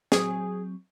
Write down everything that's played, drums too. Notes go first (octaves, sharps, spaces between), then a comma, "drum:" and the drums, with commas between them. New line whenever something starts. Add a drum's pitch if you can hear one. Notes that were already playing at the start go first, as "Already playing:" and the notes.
F#3 C4 G#4, drum: snare